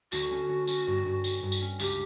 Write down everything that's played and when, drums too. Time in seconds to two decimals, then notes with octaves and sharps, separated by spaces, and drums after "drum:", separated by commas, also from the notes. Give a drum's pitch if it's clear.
0.12 D2 F#4, drum: tambourine
0.31 C#4
0.49 C#4
0.68 C#4, drum: tambourine
0.87 G2
1.06 G2
1.24 C#4, drum: tambourine
1.43 G2
1.52 drum: tambourine
1.61 C#4
1.80 C#2 G4, drum: tambourine